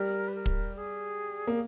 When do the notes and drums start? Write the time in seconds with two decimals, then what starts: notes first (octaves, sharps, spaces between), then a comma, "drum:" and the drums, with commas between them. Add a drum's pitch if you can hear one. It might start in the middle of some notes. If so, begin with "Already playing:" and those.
Already playing: G3 A#4
0.27 B4
0.35 A#4
0.46 drum: kick
0.75 G#4
1.47 A#3